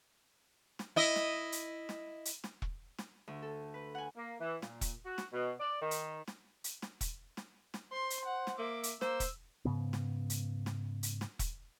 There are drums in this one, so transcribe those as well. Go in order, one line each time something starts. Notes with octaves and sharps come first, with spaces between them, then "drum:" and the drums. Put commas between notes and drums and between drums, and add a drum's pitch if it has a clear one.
drum: snare
E4 D#5
drum: snare
drum: hi-hat
drum: snare
drum: hi-hat
drum: snare
drum: kick E1
drum: snare
D2
A4
B4
F#5 G#5
A#3
E3
A#2, drum: snare
drum: kick E1, hi-hat
F#4
drum: snare
B2
D5
D#3
drum: hi-hat
drum: snare
drum: hi-hat
drum: snare
drum: kick E1, hi-hat
drum: snare
drum: snare
C5 C6
drum: hi-hat
F#5
drum: snare
A#3 E5 D6
drum: hi-hat
A#3 C5 E6, drum: snare
drum: kick E1, hi-hat
G#2 C#3 B3
drum: snare
drum: hi-hat
drum: snare
drum: hi-hat
drum: snare
drum: kick E1, hi-hat